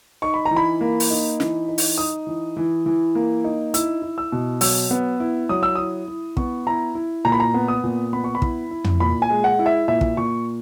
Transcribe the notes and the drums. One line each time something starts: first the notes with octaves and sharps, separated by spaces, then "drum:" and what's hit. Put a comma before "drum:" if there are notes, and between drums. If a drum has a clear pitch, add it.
D#4 C#6
B5
A#5
E3
B5
A#3
drum: open hi-hat
D#4
E3, drum: snare
D#4
drum: open hi-hat
D#4 D#6
E3
E3
E3
A#3
D#4
E4 E6, drum: hi-hat
E4
E6
B2
F#3 E6, drum: open hi-hat
B3
E4
F#3 D#6
E6
E4 D#6
E4
B3 C#6, drum: kick
E4 A#5
E4
A#2 A#5
B5
A#5
B3
D#6
A#2
B3 B5
C#6
B5
E4, drum: kick
E4
drum: tom
A#2 B5
G#5
G#3
F#5
E4
E5
A#2 E5
drum: kick
A#2 C#6